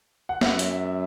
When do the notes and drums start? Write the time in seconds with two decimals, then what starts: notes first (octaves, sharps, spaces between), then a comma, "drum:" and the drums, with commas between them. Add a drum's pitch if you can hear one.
0.29 F#5
0.41 F#2 E5, drum: snare
0.59 drum: hi-hat